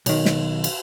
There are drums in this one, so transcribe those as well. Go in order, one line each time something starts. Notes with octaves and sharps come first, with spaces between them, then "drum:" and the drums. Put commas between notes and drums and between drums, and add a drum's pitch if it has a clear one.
B1 D#3, drum: cymbal
drum: snare
drum: cymbal